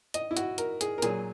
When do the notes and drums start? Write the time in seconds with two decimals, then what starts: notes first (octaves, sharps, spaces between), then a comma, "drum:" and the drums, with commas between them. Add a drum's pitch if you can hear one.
0.14 D#5, drum: hi-hat
0.31 E4
0.37 F#4, drum: hi-hat
0.58 A#4, drum: hi-hat
0.81 G#4, drum: hi-hat
0.98 A#4
1.02 A#2 F#3 G#4, drum: hi-hat